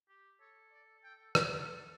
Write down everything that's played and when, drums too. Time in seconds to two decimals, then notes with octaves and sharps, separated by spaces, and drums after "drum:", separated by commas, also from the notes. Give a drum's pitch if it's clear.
0.09 G4
0.41 A4 C#5
0.72 D5
1.04 G5
1.35 F#5, drum: rim click